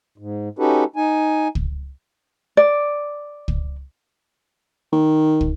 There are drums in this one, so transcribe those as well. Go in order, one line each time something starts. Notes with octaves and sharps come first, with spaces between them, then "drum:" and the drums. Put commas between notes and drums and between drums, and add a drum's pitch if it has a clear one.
G#2
C#4 D#4 F#4 G4 A4 B4
D#4 G#5
drum: kick
D5
drum: kick
D#3
drum: kick